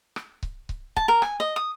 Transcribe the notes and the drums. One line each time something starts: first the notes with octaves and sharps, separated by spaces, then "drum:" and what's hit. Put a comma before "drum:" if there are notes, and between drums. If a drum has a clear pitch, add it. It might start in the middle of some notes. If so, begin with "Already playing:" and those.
drum: rim click
drum: kick C#1
drum: kick C#1
A5, drum: kick C#1
A#4
G#5, drum: rim click
D#5
D#6